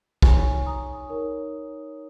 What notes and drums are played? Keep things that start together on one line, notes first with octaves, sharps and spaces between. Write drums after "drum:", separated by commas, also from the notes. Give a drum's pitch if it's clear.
D#4 G#4 C#5 G#5 C#6, drum: kick B1
A#5 D#6
D#4 A#4 C#5